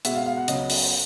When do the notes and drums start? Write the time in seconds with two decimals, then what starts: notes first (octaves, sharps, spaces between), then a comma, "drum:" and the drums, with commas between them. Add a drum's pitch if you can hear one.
0.05 B2 G#3 B3 E5, drum: hi-hat
0.16 F5
0.26 F5
0.37 F#5
0.48 C#2 C#3 F#3 B3 D#5, drum: hi-hat
0.70 drum: open hi-hat